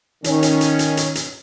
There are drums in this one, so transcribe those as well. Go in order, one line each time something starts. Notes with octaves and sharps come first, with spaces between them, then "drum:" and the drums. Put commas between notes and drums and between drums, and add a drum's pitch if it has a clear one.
D#3 C#4, drum: hi-hat
drum: hi-hat
drum: hi-hat
drum: hi-hat
drum: hi-hat
drum: hi-hat